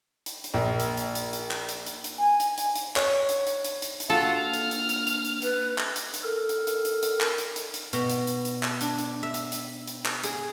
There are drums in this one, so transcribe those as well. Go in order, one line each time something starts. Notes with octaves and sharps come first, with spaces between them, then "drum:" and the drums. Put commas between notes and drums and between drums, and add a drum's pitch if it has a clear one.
drum: hi-hat
drum: hi-hat
A#1
drum: hi-hat
drum: hi-hat
drum: hi-hat
drum: hi-hat
drum: clap
drum: hi-hat
drum: hi-hat
drum: hi-hat
G#5
drum: hi-hat
drum: hi-hat
drum: hi-hat
C#5, drum: clap
drum: hi-hat
drum: hi-hat
drum: hi-hat
drum: hi-hat
drum: hi-hat
A#3 D4 F4 F#4 A4
F6
drum: hi-hat
drum: hi-hat
drum: hi-hat
drum: hi-hat
drum: hi-hat
B4, drum: hi-hat
drum: clap
drum: hi-hat
drum: hi-hat
A4 A#4
drum: hi-hat
drum: hi-hat
drum: hi-hat
drum: hi-hat
drum: clap
drum: hi-hat
drum: hi-hat
drum: hi-hat
B2, drum: hi-hat
drum: hi-hat
drum: hi-hat
drum: hi-hat
drum: clap
D4, drum: hi-hat
drum: hi-hat
E5
drum: hi-hat
drum: hi-hat
drum: hi-hat
drum: clap
G#4, drum: hi-hat